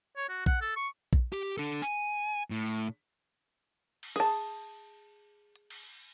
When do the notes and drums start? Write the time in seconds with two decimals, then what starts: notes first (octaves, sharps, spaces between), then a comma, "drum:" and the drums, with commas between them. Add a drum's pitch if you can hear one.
0.17 C#5
0.29 F#4
0.46 F#5, drum: kick A#1
0.62 A4
0.76 C#6
1.13 drum: kick A#1
1.33 G4, drum: open hi-hat
1.58 D4 A4
1.82 G#5
2.51 A2
4.03 drum: cymbal
4.16 G#4 A5
5.56 drum: hi-hat
5.70 drum: cymbal